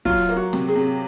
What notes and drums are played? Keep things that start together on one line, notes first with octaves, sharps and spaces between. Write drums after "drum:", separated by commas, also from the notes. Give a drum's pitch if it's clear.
F#3 F4, drum: kick
A#3
F#4
C3, drum: snare
G#4
C3